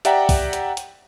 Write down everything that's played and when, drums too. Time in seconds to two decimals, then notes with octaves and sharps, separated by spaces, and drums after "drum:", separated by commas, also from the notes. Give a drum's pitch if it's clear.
0.05 G4 D5 E5 F#5 G5 A#5, drum: hi-hat
0.29 drum: kick, open hi-hat
0.53 drum: hi-hat
0.77 drum: hi-hat